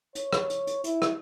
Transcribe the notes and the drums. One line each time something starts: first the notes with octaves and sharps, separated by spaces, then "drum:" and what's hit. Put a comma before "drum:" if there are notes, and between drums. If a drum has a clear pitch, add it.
C#5, drum: hi-hat
drum: rim click
drum: hi-hat
drum: hi-hat
E4, drum: hi-hat
drum: rim click